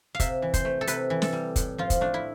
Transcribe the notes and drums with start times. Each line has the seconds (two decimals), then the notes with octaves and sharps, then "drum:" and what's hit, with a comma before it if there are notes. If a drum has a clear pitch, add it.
0.15 F5
0.20 C3 E5, drum: kick, hi-hat
0.42 E3
0.54 C5, drum: kick, hi-hat
0.65 A3
0.81 A4
0.87 C3 B4, drum: hi-hat
1.10 E3
1.22 A4, drum: snare
1.33 G3
1.56 A2, drum: kick, hi-hat
1.78 F3 F4
1.90 drum: kick, hi-hat
2.01 A3 D4
2.14 E4